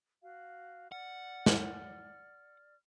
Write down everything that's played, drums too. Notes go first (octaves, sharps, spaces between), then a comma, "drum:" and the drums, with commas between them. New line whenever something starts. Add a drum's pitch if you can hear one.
F#4 F5
D5 F#5 F6
drum: snare